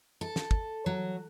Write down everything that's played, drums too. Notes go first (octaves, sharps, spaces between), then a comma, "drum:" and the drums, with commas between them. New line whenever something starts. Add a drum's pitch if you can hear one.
A4
drum: snare
drum: kick
F#3